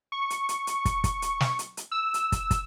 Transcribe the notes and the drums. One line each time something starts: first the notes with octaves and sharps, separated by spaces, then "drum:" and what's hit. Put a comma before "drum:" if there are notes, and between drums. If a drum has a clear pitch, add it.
C#6
drum: hi-hat
drum: hi-hat
drum: hi-hat
drum: kick, hi-hat
drum: kick, hi-hat
drum: hi-hat
drum: snare
drum: hi-hat
drum: hi-hat
E6
drum: hi-hat
drum: kick, hi-hat
drum: kick, hi-hat